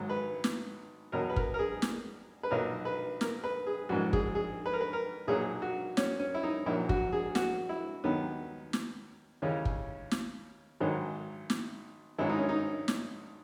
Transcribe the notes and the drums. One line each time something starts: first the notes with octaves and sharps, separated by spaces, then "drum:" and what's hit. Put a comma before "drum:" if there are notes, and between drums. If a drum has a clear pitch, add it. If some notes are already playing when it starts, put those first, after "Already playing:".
Already playing: G#1 G#2 F#3
B4
drum: snare
E2 B2 F#3 A#4
B4
A#4, drum: kick
A#4
G#4
drum: snare
B4
B1 A#2 F#3 A#4
B4
A#4, drum: snare
B4
G#4
A#1 G#2 E3 F#4
G#4, drum: kick
G#4
B4
A#4
B4
A#4
B1 A#2 F#3 G#4
F#4
C#4, drum: snare
C#4
E4
D#4
A#1 A#2 F#3 E4
F#4, drum: kick
G#4
F#4, drum: snare
E4
D#2 D#3 F#3 B3
drum: snare
D#2 C#3 E3 C#4
drum: kick
drum: snare
G#1 G#2 D#3 F#3
drum: snare
G#1 G#2 F#3 E4
D#4
C#4
D#4
drum: snare